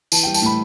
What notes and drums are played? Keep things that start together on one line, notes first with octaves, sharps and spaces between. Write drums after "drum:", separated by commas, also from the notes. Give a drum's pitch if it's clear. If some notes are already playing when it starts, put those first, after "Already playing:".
E3 A5, drum: tambourine
G3 G5
A5, drum: tambourine
A2 B5